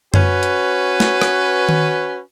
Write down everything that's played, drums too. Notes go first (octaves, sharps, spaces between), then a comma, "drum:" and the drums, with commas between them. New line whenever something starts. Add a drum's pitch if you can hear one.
C#4 F#4 B4, drum: tom F#2
drum: hi-hat
drum: snare
drum: rim click
drum: tom D#3